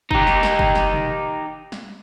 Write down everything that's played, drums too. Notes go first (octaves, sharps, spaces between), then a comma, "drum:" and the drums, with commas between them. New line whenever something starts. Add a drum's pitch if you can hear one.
D#4 G4, drum: kick
drum: snare
drum: snare
drum: kick
drum: snare
drum: tom
drum: snare